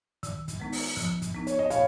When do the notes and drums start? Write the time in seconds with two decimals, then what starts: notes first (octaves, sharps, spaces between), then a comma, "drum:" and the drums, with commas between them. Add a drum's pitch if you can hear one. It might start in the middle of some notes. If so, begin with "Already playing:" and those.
0.23 D#3, drum: kick, hi-hat
0.48 drum: kick, hi-hat
0.60 G#3 B3 D#4
0.72 drum: open hi-hat
0.97 F3, drum: kick, hi-hat
1.22 drum: kick, hi-hat
1.35 B3 D#4
1.47 C#5, drum: hi-hat
1.59 D#5
1.70 A#2 C#5 F5, drum: hi-hat